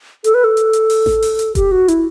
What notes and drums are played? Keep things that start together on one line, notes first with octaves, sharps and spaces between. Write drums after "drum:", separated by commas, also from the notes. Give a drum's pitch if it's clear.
A4, drum: hi-hat
B4
A4
drum: hi-hat
drum: hi-hat
drum: open hi-hat
drum: snare A1
drum: open hi-hat
drum: hi-hat
G4, drum: kick F1, hi-hat
F#4
E4, drum: hi-hat